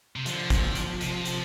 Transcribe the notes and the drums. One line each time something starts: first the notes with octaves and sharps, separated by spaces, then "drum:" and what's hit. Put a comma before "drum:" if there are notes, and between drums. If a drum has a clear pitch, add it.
C3
D3 F3, drum: hi-hat
drum: kick, hi-hat
drum: hi-hat
C3, drum: hi-hat
drum: hi-hat